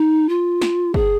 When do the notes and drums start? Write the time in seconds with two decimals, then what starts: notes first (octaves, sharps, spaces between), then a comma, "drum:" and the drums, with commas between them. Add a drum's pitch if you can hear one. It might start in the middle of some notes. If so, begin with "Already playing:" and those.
Already playing: D#4
0.29 F4
0.62 drum: snare
0.94 G#4, drum: kick